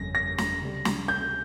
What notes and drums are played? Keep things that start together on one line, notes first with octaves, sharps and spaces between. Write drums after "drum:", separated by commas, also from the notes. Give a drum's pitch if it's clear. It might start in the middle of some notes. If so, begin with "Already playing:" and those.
Already playing: G1 F2 C#3 G3 C#4 A#6
A#6
drum: snare
C#2 C3 G3
drum: snare
G6